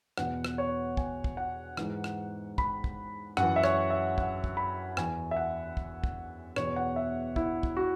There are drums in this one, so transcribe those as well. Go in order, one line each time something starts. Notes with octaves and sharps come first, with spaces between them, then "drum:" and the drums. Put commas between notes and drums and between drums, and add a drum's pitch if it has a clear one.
E2 B2 F#5, drum: rim click
drum: rim click
C#5
G#5, drum: kick
drum: kick
F#5
G#2 E3, drum: rim click
drum: rim click
B5, drum: kick
drum: kick
F#2 F#5, drum: rim click
E3
E5
C#5, drum: rim click
E5
F#5, drum: kick
drum: kick
B5
E2 E3 G#5, drum: rim click
E5
F#5
drum: kick
drum: kick
E2 B2 C#5, drum: rim click
F#5
E5
E4, drum: kick
drum: kick
F#4